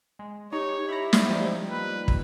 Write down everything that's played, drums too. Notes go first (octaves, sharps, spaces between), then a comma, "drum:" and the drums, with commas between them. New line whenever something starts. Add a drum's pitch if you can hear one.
G#3
D#4 G4 C#5
E4 A#5 B5
drum: snare
F3 G3 D#4
A#3 B4
drum: kick